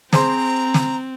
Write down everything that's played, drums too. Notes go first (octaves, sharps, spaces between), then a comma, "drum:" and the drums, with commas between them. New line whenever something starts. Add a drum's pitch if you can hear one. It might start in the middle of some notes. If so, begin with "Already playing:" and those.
C4 G#4 C5 A#5 C6, drum: snare
drum: snare